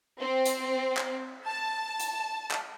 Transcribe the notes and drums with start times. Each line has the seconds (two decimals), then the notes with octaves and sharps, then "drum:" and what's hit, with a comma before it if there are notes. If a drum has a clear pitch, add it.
0.20 C4
0.46 drum: hi-hat
0.97 drum: clap
1.45 A5
2.00 drum: hi-hat
2.51 drum: clap